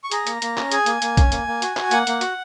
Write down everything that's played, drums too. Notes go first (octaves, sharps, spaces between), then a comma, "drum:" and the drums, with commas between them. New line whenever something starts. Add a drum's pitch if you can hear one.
C#6
G#4 A#5, drum: hi-hat
A#3, drum: hi-hat
A#3, drum: hi-hat
C#4, drum: clap
G#4 G#5, drum: hi-hat
A#3, drum: hi-hat
A#3, drum: hi-hat
C#4, drum: kick, hi-hat
A#3, drum: hi-hat
A#3
F#4, drum: hi-hat
F#4, drum: clap
A#3 F#5, drum: hi-hat
A#3, drum: hi-hat
F#4, drum: hi-hat